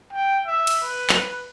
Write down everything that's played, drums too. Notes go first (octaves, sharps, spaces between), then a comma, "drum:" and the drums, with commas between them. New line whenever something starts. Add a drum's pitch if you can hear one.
G5
E5
drum: cymbal
B4
drum: clap